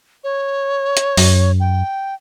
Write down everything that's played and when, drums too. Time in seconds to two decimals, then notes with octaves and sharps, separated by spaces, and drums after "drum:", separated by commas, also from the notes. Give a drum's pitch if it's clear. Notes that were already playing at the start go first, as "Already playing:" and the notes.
0.24 C#5
0.97 drum: hi-hat
1.17 F#2, drum: open hi-hat
1.60 G5